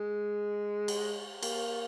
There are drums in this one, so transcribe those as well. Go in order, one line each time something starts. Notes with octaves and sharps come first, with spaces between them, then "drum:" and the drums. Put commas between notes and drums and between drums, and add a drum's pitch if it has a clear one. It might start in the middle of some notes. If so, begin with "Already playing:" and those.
Already playing: G#3
drum: cymbal
A#3, drum: cymbal